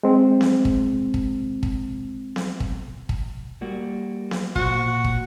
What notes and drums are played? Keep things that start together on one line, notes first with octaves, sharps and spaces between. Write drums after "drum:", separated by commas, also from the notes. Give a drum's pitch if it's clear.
G#3 C4
drum: snare B3
drum: kick
drum: kick
drum: kick
drum: snare B3
drum: kick
drum: kick
G3 A#3 F#4
drum: snare B3
A#2 F#4 C5, drum: kick
drum: kick